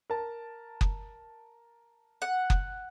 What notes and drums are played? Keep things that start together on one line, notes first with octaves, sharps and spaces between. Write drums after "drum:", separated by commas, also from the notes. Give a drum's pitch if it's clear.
A#4 A5
drum: kick F#1
F#5
drum: kick F#1